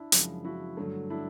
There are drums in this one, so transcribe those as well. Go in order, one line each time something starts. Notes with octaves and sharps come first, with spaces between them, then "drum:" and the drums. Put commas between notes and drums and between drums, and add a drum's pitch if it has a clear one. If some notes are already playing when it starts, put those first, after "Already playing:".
Already playing: D4 E4
F#2 C#3 F3 G#3, drum: hi-hat
E4 F#4
G2 D3 F#3 A3
D4 E4